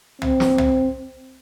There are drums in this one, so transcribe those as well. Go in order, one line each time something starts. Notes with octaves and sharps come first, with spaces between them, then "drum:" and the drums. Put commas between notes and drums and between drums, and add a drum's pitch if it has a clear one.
C4, drum: tom
drum: snare
drum: tom